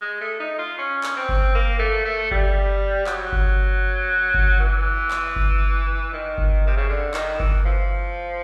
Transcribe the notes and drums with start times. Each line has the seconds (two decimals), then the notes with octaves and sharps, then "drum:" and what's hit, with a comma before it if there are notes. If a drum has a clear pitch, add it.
0.01 G#3
0.21 A3
0.40 D#4
0.59 F4
0.78 C#4
1.03 drum: clap
1.17 C4
1.29 drum: kick G1
1.55 A#3
1.79 A3
2.05 A3
2.31 G3, drum: kick G1
3.06 F#3, drum: clap
3.32 drum: kick G1
4.34 drum: kick G1
4.60 E3
5.11 drum: clap
5.36 drum: kick G1
6.13 D#3
6.38 drum: kick G1
6.67 C3
6.77 C#3
6.89 D3
7.14 D#3, drum: clap
7.40 E3, drum: kick G1
7.65 F3